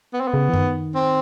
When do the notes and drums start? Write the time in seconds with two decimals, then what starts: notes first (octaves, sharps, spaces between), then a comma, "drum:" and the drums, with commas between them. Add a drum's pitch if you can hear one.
0.13 B3
0.20 C4
0.28 B3
0.34 C#3
0.49 E3
0.54 D#3, drum: tom F#2
0.95 C4